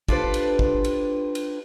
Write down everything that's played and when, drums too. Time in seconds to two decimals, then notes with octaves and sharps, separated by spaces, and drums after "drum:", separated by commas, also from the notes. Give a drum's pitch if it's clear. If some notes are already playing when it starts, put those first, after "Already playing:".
0.09 D4 F4 G4 A4 B4 C5, drum: kick
0.34 drum: cymbal
0.59 drum: kick
0.84 drum: cymbal
1.35 drum: cymbal